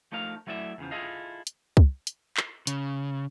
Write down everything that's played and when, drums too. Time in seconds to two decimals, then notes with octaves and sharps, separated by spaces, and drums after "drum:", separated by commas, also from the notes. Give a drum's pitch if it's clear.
0.12 F3 A3 D#4 A#4 F5
0.47 F#3 A3 E4 D5 E5
0.78 E2 C#3 F3
0.91 E4 F4 G#4 A4 D#5 F5
1.47 drum: hi-hat
1.77 drum: kick
2.07 drum: hi-hat
2.37 drum: clap
2.67 C#3, drum: hi-hat